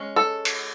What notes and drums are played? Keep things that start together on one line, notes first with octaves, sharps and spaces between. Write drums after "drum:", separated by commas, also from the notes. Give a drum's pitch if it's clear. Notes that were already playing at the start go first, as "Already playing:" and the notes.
Already playing: G#3 C#4
A4
drum: cymbal